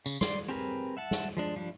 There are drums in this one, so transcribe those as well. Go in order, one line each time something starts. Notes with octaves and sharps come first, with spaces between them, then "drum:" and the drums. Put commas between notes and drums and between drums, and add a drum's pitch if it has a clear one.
C#3, drum: tambourine
D5 C6, drum: snare
C4 G4 G#4 A#4 B4
E5 F#5 A5
drum: snare
F3 G#3 D4
F3 G3 D4